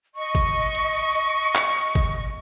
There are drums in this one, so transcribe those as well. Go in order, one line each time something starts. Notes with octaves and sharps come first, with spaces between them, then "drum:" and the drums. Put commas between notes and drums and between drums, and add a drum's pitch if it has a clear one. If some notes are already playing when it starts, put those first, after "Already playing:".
D#5 C#6
drum: kick G#1, hi-hat
drum: hi-hat
drum: hi-hat
drum: clap
drum: kick G#1, hi-hat